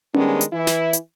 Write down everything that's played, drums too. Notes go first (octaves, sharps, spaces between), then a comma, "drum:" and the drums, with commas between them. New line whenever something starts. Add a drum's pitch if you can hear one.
D#3 G3 G#3 B3 C#4 D4, drum: tom C#4
drum: hi-hat
E3 E4
drum: snare
drum: hi-hat